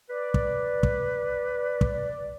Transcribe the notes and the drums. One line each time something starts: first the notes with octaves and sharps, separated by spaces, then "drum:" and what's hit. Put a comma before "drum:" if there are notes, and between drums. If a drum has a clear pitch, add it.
B4 D5
drum: kick
drum: kick
drum: kick